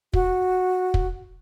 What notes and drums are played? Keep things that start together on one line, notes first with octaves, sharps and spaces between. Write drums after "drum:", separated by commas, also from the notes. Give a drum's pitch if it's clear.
F#4, drum: kick
drum: kick